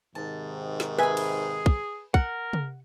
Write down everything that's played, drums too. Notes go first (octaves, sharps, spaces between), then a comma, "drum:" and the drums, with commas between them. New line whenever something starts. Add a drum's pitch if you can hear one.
G#2 C3 D#3 A5
drum: snare
G#4 B4 E5 G#5 B5
drum: cymbal
drum: kick
A#4 F#5, drum: kick
drum: tom